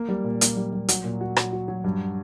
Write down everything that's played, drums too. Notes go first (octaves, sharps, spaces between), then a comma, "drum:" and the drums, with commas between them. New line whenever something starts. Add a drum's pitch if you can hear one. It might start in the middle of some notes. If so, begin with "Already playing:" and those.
Already playing: A#3
G3
A#2
A#3, drum: hi-hat
G3
G3
F#3, drum: hi-hat
A#2
F#4
F#3, drum: rim click
F#4
F#3
G2